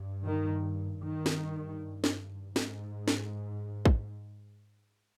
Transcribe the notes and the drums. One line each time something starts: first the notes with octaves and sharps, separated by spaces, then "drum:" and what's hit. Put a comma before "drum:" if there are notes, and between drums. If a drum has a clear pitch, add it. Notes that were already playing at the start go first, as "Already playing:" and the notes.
Already playing: G2
D#3
G2 D#3
drum: snare
drum: snare
G#2, drum: snare
drum: snare
drum: kick